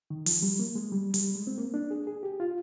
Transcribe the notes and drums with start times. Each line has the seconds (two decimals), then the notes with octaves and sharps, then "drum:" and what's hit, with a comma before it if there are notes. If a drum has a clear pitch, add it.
0.10 D#3
0.26 F3, drum: open hi-hat
0.43 G3
0.59 A#3
0.76 G#3
0.92 G3
1.14 G3, drum: hi-hat
1.35 G#3
1.47 C4
1.58 A#3
1.74 D4
1.91 G#4
2.07 G#4
2.23 G4
2.40 F4